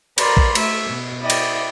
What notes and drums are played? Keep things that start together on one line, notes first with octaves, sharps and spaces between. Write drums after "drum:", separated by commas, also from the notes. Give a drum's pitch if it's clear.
A#4 B4 D5 A#5 C6, drum: cymbal
drum: kick A#1
A3 E5, drum: cymbal
B2
E4 D5 D#5 G5
drum: cymbal